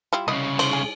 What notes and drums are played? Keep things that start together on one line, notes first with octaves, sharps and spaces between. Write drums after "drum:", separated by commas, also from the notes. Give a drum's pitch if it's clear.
G3 E4 F4
C2 C#3 D#5
C5, drum: cymbal
G#4